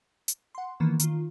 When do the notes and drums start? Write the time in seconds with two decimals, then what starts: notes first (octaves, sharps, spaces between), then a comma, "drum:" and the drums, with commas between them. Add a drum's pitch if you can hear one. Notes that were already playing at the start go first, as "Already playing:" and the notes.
0.28 drum: hi-hat
0.55 F#5 C6
0.80 D#3 E3 A#3 B3
1.00 D#3 F4, drum: hi-hat